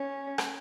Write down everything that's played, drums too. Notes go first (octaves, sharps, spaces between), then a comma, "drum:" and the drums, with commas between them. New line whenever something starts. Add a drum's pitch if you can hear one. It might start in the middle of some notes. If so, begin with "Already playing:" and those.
Already playing: C#4
drum: rim click